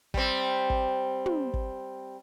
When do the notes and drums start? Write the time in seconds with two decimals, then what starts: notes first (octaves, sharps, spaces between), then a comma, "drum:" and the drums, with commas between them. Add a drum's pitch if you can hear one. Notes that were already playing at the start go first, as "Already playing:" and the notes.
0.14 G3 C4, drum: kick
0.70 drum: kick
1.26 drum: tom
1.54 drum: kick